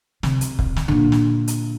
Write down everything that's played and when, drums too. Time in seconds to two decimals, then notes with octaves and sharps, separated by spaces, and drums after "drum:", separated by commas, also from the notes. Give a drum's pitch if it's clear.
0.23 C3, drum: snare
0.41 drum: hi-hat
0.59 drum: kick
0.76 drum: snare
0.88 A#2 D3
1.12 drum: snare
1.48 drum: hi-hat